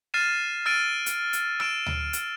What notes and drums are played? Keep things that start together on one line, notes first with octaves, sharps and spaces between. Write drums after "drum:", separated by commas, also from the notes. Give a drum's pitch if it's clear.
F6 A6 C7 D#7 E7
E6 F6 A6 D7 D#7
drum: hi-hat
drum: hi-hat
E6 D7 E7, drum: rim click
drum: tom D2
drum: hi-hat